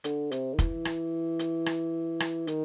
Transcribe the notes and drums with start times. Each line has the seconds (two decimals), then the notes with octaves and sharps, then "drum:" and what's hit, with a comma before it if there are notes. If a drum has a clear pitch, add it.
0.04 D3, drum: hi-hat
0.31 C3, drum: hi-hat
0.54 D#3
0.59 E3, drum: kick, hi-hat
0.85 drum: rim click
1.39 drum: hi-hat
1.66 drum: rim click
2.20 drum: rim click
2.47 D#3, drum: hi-hat